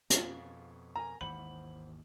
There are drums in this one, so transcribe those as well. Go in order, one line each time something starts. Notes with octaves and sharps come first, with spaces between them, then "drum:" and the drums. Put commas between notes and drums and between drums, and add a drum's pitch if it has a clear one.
F2 B2 F4 G#4, drum: hi-hat
A#4 G#5 A#5
G#1 D#2 E3 C5 F#5 B5 F#7